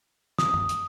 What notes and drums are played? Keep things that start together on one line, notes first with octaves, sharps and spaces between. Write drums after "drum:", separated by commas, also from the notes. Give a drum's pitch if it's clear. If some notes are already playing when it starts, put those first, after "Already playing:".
D#6, drum: snare
drum: tom
drum: hi-hat